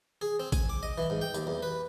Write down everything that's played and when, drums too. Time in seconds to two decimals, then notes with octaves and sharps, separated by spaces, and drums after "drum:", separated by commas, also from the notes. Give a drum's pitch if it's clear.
0.21 G#4
0.40 C4
0.52 G#5, drum: kick A1, tambourine
0.69 D6
0.83 D#5
0.98 E3
1.10 G#2
1.21 G5
1.34 D#2, drum: tambourine
1.47 E2
1.63 B4